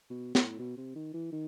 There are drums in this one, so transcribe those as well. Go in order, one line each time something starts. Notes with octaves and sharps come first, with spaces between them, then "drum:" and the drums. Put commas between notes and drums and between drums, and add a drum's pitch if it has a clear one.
B2
A2, drum: snare
B2
C3
D#3
E3
D#3